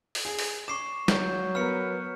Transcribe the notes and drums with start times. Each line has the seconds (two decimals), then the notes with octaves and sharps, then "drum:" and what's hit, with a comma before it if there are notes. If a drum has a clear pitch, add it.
0.15 drum: open hi-hat
0.25 G#4
0.39 drum: open hi-hat
0.68 C#6 D6 C7 E7
1.08 F#3 C#5 G6, drum: snare
1.55 B3 A#4 B4 F6 C#7